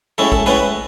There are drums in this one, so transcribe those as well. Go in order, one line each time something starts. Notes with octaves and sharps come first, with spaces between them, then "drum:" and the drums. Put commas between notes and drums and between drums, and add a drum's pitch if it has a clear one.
A2 G#3 C#4 E4 A4
A4, drum: kick
A2 G#3 C#4 E4 B4